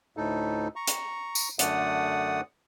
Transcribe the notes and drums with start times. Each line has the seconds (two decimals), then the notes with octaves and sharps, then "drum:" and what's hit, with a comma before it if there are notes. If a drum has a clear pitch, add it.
0.17 D2 A2 D#4 A4
0.76 A#5 C#6
0.87 drum: hi-hat
1.35 drum: tambourine
1.59 F#2 D3 A3 D5 F#5 D#6, drum: hi-hat